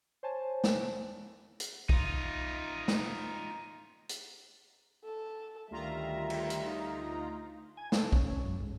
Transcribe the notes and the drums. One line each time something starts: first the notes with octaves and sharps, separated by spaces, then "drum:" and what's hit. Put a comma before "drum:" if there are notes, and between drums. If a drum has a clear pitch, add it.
C5 C#5 G#5 A5
drum: snare
drum: hi-hat
D#4 F4, drum: kick B1
drum: snare
drum: hi-hat
A4
D2 D#3 G3 F4 E5 A#5
drum: cymbal
drum: hi-hat
D#4
G#5
A4, drum: snare
C#4, drum: kick B1
F#2
G#2